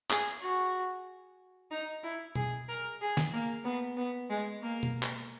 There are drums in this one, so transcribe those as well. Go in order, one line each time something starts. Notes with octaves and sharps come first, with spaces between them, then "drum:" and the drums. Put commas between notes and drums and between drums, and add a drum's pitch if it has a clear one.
G#4, drum: clap
F#4
D#4
E4
G#4, drum: tom B2
A#4
G#4
drum: snare
A#3
B3
B3
G#3
A#3
drum: tom B2
drum: clap